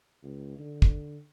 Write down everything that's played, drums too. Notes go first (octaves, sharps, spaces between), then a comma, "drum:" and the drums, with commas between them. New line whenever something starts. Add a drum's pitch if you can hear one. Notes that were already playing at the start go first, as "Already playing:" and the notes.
C#2
D3
drum: kick